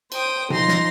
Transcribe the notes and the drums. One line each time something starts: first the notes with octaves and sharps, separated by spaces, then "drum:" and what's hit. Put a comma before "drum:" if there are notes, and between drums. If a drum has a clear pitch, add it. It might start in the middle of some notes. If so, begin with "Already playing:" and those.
C5 G5 D#6, drum: cymbal
F3 D#4 C6 A#6, drum: tom B2
drum: snare